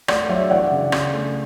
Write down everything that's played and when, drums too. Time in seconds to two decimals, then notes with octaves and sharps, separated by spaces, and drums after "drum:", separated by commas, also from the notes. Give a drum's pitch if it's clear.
0.08 A3 D5 F#5, drum: rim click
0.29 F#3 C#5 E5
0.50 E3 D5 F#5
0.71 C#3
0.92 C#4, drum: rim click
1.14 A3